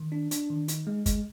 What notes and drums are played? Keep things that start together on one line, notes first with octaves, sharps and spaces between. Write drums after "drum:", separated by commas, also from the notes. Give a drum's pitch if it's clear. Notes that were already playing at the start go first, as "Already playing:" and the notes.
Already playing: D#3
D4
D4, drum: hi-hat
D#3
D#4, drum: hi-hat
G#3
G#3, drum: kick, hi-hat